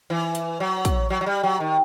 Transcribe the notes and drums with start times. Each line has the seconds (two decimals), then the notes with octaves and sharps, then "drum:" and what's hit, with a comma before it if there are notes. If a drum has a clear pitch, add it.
0.10 E3
0.35 drum: hi-hat
0.60 F#3
0.85 drum: kick, hi-hat
1.10 F#3
1.21 F#3
1.26 G3
1.43 F#3
1.60 D#3